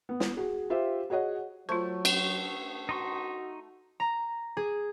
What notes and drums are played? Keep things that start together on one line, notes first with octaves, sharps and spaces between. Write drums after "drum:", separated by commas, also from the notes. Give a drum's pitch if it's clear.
B3
drum: snare
F#4 G#4
F4 G4 C5 E5
F#4 G#4 C#5 D#5 F#5
F#3 A3 F4 C5
drum: cymbal
D#4 F#4 C6 C#6
A#5
G#4